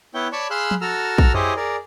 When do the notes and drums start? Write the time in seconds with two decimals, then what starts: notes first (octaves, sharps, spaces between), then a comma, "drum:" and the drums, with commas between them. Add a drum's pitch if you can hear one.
0.14 B3 E4 C#5 G5
0.32 C#5 D5 A5 B5 C#6
0.51 G#4 F5 B5 C6 E6 F#6
0.71 drum: tom F3
0.81 F#4 A4 A#5 E6 F6
1.18 drum: kick A#1
1.34 E4 G4 G#4 C5 C#5 D#5, drum: tom F2
1.57 G#4 A#4 D5